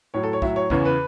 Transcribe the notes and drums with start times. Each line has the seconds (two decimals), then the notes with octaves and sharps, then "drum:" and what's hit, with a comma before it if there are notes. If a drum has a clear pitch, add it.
0.14 A2 F#3 C#5
0.23 A4
0.33 C#5
0.42 A2 F#3 E5, drum: kick
0.56 C#5
0.70 E2 C#3 E3 C#5, drum: kick
0.85 B4